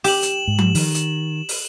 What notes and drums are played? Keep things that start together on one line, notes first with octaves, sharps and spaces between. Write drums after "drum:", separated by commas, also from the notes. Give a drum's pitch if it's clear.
G4 E7 F#7, drum: open hi-hat
drum: hi-hat
G#2
drum: tom F3
D#3, drum: open hi-hat
drum: hi-hat
drum: open hi-hat